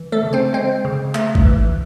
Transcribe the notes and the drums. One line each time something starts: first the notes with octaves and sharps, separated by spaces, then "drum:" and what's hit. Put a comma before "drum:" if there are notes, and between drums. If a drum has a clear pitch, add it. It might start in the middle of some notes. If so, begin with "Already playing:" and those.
Already playing: E3
A3 A4
C#3
C4 C5
G#3 C4 C5
C#3
A3, drum: clap
drum: kick G#1
E3